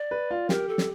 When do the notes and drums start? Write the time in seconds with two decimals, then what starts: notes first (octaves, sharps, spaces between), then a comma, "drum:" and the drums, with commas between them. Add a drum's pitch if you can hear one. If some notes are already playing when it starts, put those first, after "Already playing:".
Already playing: D5
0.11 B4
0.31 F4
0.49 G4 A#4, drum: snare
0.68 A4
0.78 drum: snare